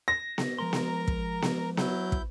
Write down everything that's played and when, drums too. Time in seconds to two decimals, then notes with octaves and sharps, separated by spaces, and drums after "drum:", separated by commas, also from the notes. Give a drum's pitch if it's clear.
0.08 A#6
0.38 drum: snare B3
0.59 F3 G#3 A#4 A#5 C6
0.73 drum: snare B3
1.08 drum: kick
1.42 drum: snare B3
1.77 F#3 E4 G6, drum: snare B3
2.12 drum: kick